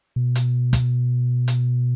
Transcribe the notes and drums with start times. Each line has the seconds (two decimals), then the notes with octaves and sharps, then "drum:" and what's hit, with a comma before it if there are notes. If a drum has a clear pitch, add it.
0.16 B2
0.35 drum: hi-hat
0.73 drum: kick, hi-hat
1.48 drum: hi-hat